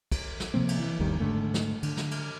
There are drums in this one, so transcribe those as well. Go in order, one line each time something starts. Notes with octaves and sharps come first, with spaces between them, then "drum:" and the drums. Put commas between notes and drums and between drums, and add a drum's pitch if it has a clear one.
drum: kick, cymbal
drum: snare
C3 F3 A#3 C4
drum: cymbal
E3
G1 D#2 D#3 G3
G#2 D3 A3
drum: snare
D3, drum: cymbal
drum: snare
drum: cymbal